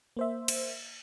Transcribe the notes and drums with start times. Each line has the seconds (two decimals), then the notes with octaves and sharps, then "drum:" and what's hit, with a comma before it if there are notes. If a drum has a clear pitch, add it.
0.17 A#3 C5 E5
0.48 drum: cymbal